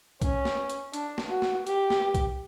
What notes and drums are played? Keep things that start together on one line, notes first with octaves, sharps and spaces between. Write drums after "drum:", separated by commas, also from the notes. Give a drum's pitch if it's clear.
C#4, drum: kick, hi-hat
drum: snare
drum: hi-hat
D4, drum: hi-hat
drum: snare
F#4
drum: snare
G4, drum: hi-hat
drum: snare
drum: kick, hi-hat